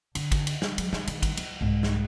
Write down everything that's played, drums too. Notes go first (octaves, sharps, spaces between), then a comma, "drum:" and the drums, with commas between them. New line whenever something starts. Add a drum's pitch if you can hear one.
D3, drum: cymbal
drum: kick, cymbal
drum: cymbal
drum: snare
F#3, drum: cymbal
D#3, drum: snare
D#3, drum: cymbal
drum: kick, cymbal
F3, drum: cymbal
C2 G#2
drum: snare